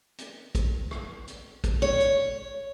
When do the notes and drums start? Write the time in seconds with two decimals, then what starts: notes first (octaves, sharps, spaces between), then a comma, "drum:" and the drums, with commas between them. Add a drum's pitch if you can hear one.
0.18 drum: hi-hat
0.55 drum: kick, hi-hat
0.91 drum: rim click
1.27 drum: hi-hat
1.64 drum: kick, hi-hat
1.82 C#5
2.00 drum: hi-hat